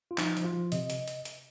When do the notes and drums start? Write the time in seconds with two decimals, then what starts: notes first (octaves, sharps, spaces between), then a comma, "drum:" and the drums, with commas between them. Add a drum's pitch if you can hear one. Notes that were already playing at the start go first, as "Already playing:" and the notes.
0.11 F4
0.18 F3 D#4, drum: clap
0.37 F3, drum: hi-hat
0.45 F4
0.54 F3
0.72 C3 D#5, drum: hi-hat
0.90 drum: hi-hat
1.08 drum: hi-hat
1.25 drum: hi-hat